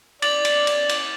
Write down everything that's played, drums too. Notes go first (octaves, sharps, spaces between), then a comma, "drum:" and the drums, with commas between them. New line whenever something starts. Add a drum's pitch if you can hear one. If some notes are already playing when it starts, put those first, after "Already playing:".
D5 D6 A6 F#7, drum: cymbal
drum: cymbal
drum: cymbal
drum: cymbal